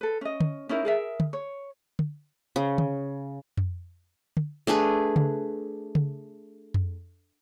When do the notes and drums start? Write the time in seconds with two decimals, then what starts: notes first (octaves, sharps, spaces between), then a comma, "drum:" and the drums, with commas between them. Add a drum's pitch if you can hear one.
0.01 A4 B4
0.21 C#4 D#5
0.40 drum: tom
0.69 C#4 D#4 E4 A#4
0.85 G#4 A#4 E5
1.20 drum: tom
1.33 C#5
1.99 drum: tom
2.56 C#3
2.78 drum: tom
3.57 drum: tom F2
4.37 drum: tom
4.67 A3 D4 G#4 B4
5.16 drum: tom C#3
5.95 drum: tom C#3
6.74 drum: tom F2